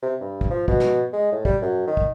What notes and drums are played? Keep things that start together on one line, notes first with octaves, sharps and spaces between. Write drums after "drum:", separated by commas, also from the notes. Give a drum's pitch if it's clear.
C3
G2
drum: kick
F3
B2, drum: kick
drum: snare
G#3
A2
G3, drum: kick
F#2
D#3
drum: kick